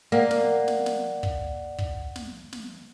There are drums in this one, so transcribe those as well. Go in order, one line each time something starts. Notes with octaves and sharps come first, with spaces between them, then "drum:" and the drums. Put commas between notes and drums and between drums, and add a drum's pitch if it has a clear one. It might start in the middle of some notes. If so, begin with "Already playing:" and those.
A#3 D5 F#5
drum: snare
drum: snare
drum: snare
drum: kick
drum: kick
drum: snare
drum: snare